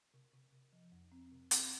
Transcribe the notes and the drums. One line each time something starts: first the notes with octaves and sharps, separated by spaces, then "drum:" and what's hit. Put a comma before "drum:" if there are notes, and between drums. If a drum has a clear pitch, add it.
C3
C3
C3
F3
F2
C4
C3
C4, drum: hi-hat